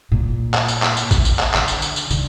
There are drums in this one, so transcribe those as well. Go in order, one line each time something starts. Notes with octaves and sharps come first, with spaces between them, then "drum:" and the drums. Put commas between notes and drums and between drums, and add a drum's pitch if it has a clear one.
A#2
drum: clap
drum: tambourine
drum: clap
drum: tambourine
drum: kick, tambourine
drum: tambourine
drum: clap
D3, drum: clap
drum: tambourine
drum: tambourine
drum: tambourine
D3, drum: tambourine